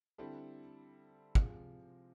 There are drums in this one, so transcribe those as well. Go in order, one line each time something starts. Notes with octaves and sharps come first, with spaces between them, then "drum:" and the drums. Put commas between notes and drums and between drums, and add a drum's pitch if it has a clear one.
D3 G3 C4 E4 A4
C3 F3 G#3, drum: kick